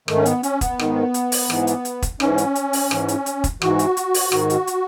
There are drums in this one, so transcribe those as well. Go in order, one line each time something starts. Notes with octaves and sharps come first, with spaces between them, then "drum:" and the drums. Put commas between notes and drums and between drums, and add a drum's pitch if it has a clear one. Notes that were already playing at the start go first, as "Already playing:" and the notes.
G#2 D#3 A3, drum: rim click
C#4
B3, drum: hi-hat
C#4, drum: hi-hat
B3, drum: kick, hi-hat
G#2 D#3, drum: rim click
drum: hi-hat
drum: open hi-hat
G#2 E3, drum: rim click
drum: hi-hat
drum: hi-hat
drum: kick, hi-hat
G#2 E3 C#4, drum: rim click
drum: hi-hat
drum: hi-hat
drum: open hi-hat
G#2 E3, drum: rim click
drum: hi-hat
drum: hi-hat
drum: kick, hi-hat
G#2 E3 F#4, drum: rim click
drum: hi-hat
drum: hi-hat
drum: open hi-hat
G#2 D#3, drum: rim click
drum: hi-hat
drum: hi-hat